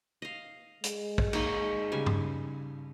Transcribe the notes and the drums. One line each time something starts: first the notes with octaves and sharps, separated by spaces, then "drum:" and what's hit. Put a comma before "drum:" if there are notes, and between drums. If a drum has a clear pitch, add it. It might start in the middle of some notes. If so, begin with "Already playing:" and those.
D#5 F5
G#3, drum: hi-hat
drum: kick
A#3 D#4 C#5, drum: cymbal
C#3 G3 G#5
drum: tom G2